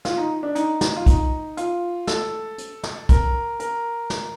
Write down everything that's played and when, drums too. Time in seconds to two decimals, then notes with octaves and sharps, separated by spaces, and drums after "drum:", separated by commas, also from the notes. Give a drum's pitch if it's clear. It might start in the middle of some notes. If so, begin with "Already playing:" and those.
0.05 F4, drum: snare
0.18 D#4
0.43 D4
0.55 D#4, drum: hi-hat
0.81 drum: snare
0.96 F4
1.06 D#4, drum: kick, hi-hat
1.57 F4, drum: hi-hat
2.07 A4, drum: snare
2.58 drum: hi-hat
2.83 drum: snare
3.09 A#4, drum: kick, hi-hat
3.60 A#4, drum: hi-hat
4.10 drum: snare